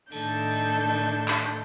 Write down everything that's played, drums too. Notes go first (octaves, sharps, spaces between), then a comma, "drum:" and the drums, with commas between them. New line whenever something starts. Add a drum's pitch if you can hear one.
A2 D#3 D4 A4 G6, drum: cymbal
drum: cymbal
drum: cymbal
drum: clap